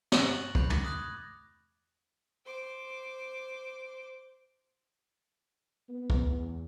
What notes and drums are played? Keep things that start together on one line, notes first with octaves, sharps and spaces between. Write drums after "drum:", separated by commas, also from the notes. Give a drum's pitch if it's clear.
C#6 F#6 A6 A#6 F#7, drum: snare
B5 G6 A6, drum: kick
D6 A#6, drum: tom
D#6 F#6 G#6
C5 D6
B3
drum: kick
E2